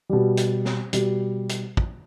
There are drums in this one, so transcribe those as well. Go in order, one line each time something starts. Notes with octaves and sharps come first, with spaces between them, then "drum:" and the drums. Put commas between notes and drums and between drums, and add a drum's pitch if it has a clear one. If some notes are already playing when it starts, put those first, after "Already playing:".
B2 G3
drum: hi-hat
drum: snare
B2 G3, drum: hi-hat
drum: hi-hat
drum: kick